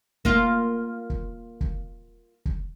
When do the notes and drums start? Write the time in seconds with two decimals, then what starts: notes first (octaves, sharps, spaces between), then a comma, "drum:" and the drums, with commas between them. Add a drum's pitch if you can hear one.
0.25 A#3 F4, drum: kick
1.10 drum: kick
1.61 drum: kick
2.45 drum: kick